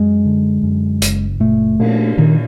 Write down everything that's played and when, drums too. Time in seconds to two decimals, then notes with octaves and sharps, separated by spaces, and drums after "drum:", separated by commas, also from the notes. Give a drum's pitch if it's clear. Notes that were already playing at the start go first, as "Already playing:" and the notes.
Already playing: F#2 G#3
0.25 D3
0.63 F#2
1.02 F#1, drum: hi-hat
1.40 A#2 A3
1.79 A#2, drum: cymbal
2.18 A#2 D#3